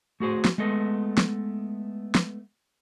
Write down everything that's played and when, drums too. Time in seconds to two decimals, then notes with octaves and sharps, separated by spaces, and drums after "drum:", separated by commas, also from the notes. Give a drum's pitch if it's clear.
0.20 A3 F#4 G#4 C5
0.45 drum: snare
0.58 G#3 A3 B3 A4 D#5
1.18 drum: snare
2.15 drum: snare